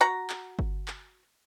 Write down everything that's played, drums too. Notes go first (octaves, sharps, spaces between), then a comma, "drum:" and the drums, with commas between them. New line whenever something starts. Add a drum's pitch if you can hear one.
F#4 F#5 A#5
drum: clap
drum: kick G1
drum: clap